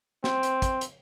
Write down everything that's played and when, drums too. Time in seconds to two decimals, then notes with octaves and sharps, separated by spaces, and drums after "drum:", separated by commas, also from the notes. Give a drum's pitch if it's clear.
0.24 C4, drum: snare
0.43 drum: hi-hat
0.62 drum: kick, hi-hat
0.81 drum: hi-hat